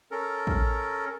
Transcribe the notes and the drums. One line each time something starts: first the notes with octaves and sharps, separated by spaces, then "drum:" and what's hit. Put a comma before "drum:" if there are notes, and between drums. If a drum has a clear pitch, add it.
C#4 A4 A#4
drum: kick